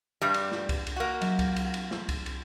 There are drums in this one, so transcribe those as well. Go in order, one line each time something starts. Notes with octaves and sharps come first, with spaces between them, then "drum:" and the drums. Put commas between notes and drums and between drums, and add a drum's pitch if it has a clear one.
G2 G3
drum: cymbal
drum: snare
drum: kick C2, cymbal
drum: cymbal
A#3 F#4
F#3, drum: cymbal
drum: kick C2, cymbal
drum: cymbal
drum: cymbal
drum: snare
drum: kick C2, cymbal
drum: cymbal